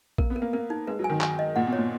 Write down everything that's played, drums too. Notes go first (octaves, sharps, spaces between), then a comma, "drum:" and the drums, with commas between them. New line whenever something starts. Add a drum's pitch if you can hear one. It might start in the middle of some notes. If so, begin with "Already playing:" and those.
A#3 A#4, drum: kick A#1
B3
A#4
A#3
A#3 A#4
D#4
G#3 B4
F#3
G#5
D#3
G#5, drum: clap
D#5
A#2 F#5
B2
C#5
A#2